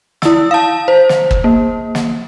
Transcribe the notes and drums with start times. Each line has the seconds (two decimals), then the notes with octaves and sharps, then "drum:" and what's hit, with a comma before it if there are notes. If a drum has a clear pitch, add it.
0.22 E4 E6, drum: snare
0.51 F5 A5
0.88 C5
1.09 drum: snare
1.31 drum: kick
1.44 A#3
1.95 drum: snare